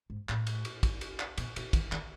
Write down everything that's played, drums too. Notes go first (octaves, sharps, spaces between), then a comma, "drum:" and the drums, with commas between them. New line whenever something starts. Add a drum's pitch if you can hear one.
G#2
A2, drum: clap
drum: cymbal
drum: cymbal
drum: kick, cymbal
drum: cymbal
drum: clap
B2, drum: cymbal
B2, drum: cymbal
D#3, drum: kick, cymbal
D#3, drum: clap